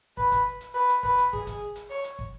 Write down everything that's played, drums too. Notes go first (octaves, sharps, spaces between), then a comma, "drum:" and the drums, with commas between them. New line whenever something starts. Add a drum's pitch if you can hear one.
B4, drum: kick
drum: kick, hi-hat
drum: hi-hat
B4
drum: hi-hat
B4, drum: kick
drum: hi-hat
G#4, drum: kick
drum: kick, hi-hat
drum: hi-hat
C#5
drum: hi-hat
drum: kick